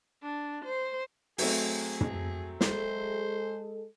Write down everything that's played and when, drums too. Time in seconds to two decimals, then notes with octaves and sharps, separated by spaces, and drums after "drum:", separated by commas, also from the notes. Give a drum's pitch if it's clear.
0.23 D4
0.65 C5
1.38 F#3 A3 C4 G#4, drum: open hi-hat
2.01 drum: tom
2.61 G#3 G#4 A4 C5, drum: snare